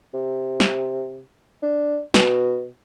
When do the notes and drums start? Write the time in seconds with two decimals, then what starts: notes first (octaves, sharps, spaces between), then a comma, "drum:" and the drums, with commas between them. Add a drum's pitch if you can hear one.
0.14 C3
0.60 drum: snare
1.63 D4
2.14 B2, drum: snare